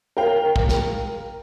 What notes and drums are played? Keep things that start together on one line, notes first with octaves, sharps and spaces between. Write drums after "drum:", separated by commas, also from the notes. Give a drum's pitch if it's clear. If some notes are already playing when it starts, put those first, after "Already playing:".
A#4 F5 G5
drum: kick
drum: snare